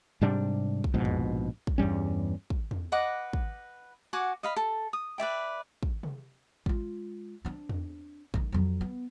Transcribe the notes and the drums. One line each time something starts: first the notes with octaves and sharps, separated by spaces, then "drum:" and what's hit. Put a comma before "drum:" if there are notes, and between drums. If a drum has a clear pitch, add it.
G#2 C3 G3 D4
drum: kick
A#1 G#2 B2
drum: tom E2
drum: kick
E2 G2 G3 C#4
drum: kick
drum: tom E2
B4 D#5 F#5 D6
drum: kick
F#4 F#5 G#5 D6
D#5 F5 B5
A4
D#6
B4 D5 E5 G5
drum: kick
drum: tom C3
G#3 F4, drum: kick
C4 D4
drum: tom E2
D#3 A3, drum: kick
F2 F#3
B3